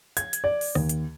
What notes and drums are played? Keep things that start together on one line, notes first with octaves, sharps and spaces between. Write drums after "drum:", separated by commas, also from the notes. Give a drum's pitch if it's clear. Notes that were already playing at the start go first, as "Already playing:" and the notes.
G#6, drum: hi-hat
drum: hi-hat
D5
drum: open hi-hat
D#2, drum: rim click
drum: hi-hat